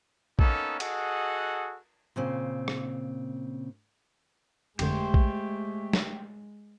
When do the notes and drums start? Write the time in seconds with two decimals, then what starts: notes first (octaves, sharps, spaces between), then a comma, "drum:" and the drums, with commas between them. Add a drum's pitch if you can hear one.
0.39 A#3 B3 C#4 D#4 A4, drum: kick A#1
0.80 F#4 G#4 A4 D#5 F#5, drum: cymbal
2.16 A#2 C#3 C4
2.68 drum: rim click
4.79 G1 F2 D3 G#3 A3 G4 C5, drum: cymbal
5.14 drum: kick A#1
5.93 drum: snare